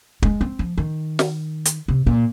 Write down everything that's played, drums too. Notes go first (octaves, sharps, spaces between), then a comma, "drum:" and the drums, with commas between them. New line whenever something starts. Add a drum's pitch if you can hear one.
G#3, drum: kick
C4
F3
D#3
drum: snare
drum: hi-hat
C3
A#2